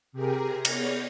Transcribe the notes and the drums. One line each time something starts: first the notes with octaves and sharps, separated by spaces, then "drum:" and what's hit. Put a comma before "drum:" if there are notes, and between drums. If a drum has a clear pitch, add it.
C3 G4 G#4 A#4
B3 G#4 C#5 D5 F6 G6, drum: cymbal